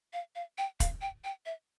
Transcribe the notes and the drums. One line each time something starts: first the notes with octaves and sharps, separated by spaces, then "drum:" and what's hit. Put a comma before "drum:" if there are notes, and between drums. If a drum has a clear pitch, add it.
F5
F5
G5
F5, drum: kick, hi-hat
G5
G5
E5